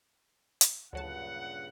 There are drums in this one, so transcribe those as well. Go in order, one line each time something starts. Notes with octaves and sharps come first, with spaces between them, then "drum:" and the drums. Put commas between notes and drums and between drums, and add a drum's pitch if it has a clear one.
drum: hi-hat
D2 G2 A#2 C#3 F#3 F#5 A5